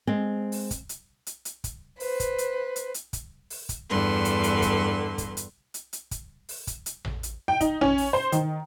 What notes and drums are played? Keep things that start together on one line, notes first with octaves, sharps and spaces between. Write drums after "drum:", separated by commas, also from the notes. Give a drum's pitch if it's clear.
G#3 C4
drum: open hi-hat
drum: kick, hi-hat
drum: hi-hat
drum: hi-hat
drum: hi-hat
drum: kick, hi-hat
B4 C5, drum: open hi-hat
drum: kick, hi-hat
drum: hi-hat
drum: hi-hat
drum: hi-hat
drum: kick, hi-hat
drum: open hi-hat
drum: kick, hi-hat
E2 G2 D3 B4 C6
drum: hi-hat
drum: hi-hat
drum: kick, hi-hat
drum: kick, hi-hat
drum: hi-hat
drum: hi-hat
drum: hi-hat
drum: kick, hi-hat
drum: open hi-hat
drum: kick, hi-hat
drum: hi-hat
drum: tom A1
drum: hi-hat
G5
D#4, drum: kick, hi-hat
C#4, drum: tom A1
drum: open hi-hat
C5
D#3, drum: hi-hat